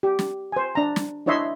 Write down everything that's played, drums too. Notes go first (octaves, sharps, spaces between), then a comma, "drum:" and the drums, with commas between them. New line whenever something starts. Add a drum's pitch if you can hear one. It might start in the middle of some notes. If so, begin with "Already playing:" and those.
G4
drum: snare
C5 G#5
D4 A#5
drum: snare
D4 E4 C#5 D#5 E5 C6